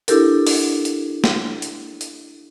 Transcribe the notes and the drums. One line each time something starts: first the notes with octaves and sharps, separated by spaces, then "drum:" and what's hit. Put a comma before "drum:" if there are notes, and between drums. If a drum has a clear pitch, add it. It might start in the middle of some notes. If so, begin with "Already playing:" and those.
D4 E4 G4 A4 A#4, drum: hi-hat
drum: open hi-hat
drum: hi-hat
drum: snare
drum: hi-hat
drum: hi-hat